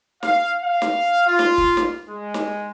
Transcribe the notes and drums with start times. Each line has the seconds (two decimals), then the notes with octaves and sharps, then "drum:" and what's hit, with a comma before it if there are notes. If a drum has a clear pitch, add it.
0.23 F5, drum: snare
0.63 F5
0.82 drum: snare
1.27 F4
1.39 drum: snare
1.58 drum: kick
1.77 drum: snare
2.09 G#3
2.34 drum: snare